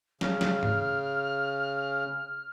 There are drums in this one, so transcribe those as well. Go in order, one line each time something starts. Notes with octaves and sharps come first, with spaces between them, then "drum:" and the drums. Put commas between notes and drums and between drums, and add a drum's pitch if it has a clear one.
C#3 F6, drum: snare
drum: snare
drum: tom G#2